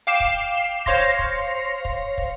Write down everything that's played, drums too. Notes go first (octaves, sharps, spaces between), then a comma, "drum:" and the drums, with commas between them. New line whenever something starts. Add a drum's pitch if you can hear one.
F5 G5 D6 C7 E7
drum: kick
C5 C#5 F5 C6 A#6, drum: kick
drum: kick
drum: kick
drum: kick